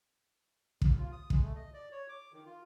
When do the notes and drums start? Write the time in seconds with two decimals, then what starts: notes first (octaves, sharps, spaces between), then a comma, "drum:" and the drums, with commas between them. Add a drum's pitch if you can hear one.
0.82 D#2, drum: kick
0.98 F4
1.12 D#6
1.30 G#3, drum: kick
1.43 A3
1.56 D#5
1.74 D5
1.92 C#5
2.09 D6
2.33 D#3
2.45 F4